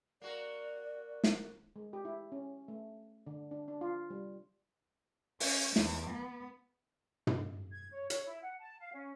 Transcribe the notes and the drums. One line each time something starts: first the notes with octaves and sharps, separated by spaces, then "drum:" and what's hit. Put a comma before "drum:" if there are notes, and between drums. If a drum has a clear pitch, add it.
A#3 F#4 A#4 D5
drum: snare
G#3
G4
E4
C#4
A3
D3
D4
D4
F4
G3
C#4, drum: open hi-hat
E2, drum: snare
B3
drum: tom
G#6
C#5
C#5, drum: hi-hat
E4
F#5
A5
F5
C#4